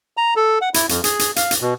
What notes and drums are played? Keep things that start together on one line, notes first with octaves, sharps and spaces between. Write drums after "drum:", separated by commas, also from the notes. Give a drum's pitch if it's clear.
A#5
A4
F#5
E4, drum: hi-hat
F2, drum: hi-hat
G#4, drum: hi-hat
drum: hi-hat
F5, drum: hi-hat
drum: hi-hat
B2